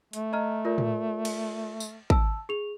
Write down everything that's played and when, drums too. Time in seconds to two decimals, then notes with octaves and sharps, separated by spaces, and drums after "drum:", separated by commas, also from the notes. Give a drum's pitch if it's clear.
0.13 A3, drum: hi-hat
0.33 D#5 A#5 F6
0.65 F4 A#4 D5
0.78 drum: tom A2
1.25 drum: cymbal
1.80 drum: tambourine
2.10 A5 E6, drum: kick
2.49 G#4 F7